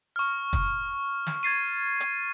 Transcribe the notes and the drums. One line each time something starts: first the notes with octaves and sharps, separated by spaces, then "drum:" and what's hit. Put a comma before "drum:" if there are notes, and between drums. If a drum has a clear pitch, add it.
C#6 F6
drum: kick, hi-hat
drum: snare
G#6 A6 C7 D#7
drum: hi-hat